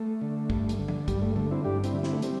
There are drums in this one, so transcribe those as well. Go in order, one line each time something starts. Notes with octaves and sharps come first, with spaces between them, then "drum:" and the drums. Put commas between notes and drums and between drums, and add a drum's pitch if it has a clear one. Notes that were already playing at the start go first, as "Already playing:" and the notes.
Already playing: A3
D3
G2, drum: kick
drum: hi-hat
D3
drum: tom
G2 G3, drum: kick, hi-hat
A3
D3 A3
C4 E4
G2 D4 G4
C4 E4, drum: hi-hat
D3
C4 E4, drum: snare
A3
G3 C4, drum: hi-hat